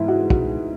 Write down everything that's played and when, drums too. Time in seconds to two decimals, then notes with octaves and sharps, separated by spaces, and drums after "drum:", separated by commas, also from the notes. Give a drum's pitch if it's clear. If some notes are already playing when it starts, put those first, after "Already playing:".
Already playing: G#2 E3 E4
0.08 F#4
0.30 F#4, drum: kick